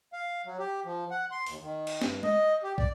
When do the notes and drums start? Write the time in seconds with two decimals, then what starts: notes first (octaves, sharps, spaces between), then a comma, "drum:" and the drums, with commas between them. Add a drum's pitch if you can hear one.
0.13 F5
0.46 F#3
0.59 G4
0.85 F3
1.11 F#5
1.31 C6
1.47 D#2, drum: open hi-hat
1.62 D#3
1.87 drum: cymbal
2.02 G2, drum: snare
2.23 D#5, drum: tom
2.63 G4
2.78 D5, drum: kick